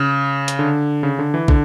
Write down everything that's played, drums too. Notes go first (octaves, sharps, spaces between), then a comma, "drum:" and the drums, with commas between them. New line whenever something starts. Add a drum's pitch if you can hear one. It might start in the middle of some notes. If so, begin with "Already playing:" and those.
Already playing: C#3
drum: hi-hat
D3
C#3
D3
E3
D3, drum: kick